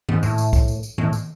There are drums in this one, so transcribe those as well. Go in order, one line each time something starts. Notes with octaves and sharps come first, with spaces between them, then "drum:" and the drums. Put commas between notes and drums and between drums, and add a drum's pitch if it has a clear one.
G#2, drum: tom D#3
A2, drum: tambourine
drum: tambourine
drum: kick, tambourine
drum: tambourine
drum: tambourine
A2, drum: tom D#3
drum: tambourine